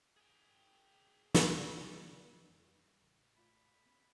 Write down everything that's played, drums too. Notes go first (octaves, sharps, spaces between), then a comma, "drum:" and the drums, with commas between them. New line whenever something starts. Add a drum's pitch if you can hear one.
G#4 G5
drum: snare
F2 E3 G3 C#7
D#3 G3 A#6
A1 C#3
A3 F4 D5 B5
B3 C#4